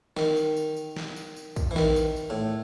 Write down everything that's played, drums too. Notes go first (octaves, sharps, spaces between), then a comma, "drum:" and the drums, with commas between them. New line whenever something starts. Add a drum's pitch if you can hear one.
D#3, drum: snare
drum: tambourine
drum: tambourine
drum: tambourine
drum: snare
drum: tambourine
drum: tambourine
drum: kick, tambourine
E3
D#3, drum: snare
drum: tambourine
drum: tambourine
A2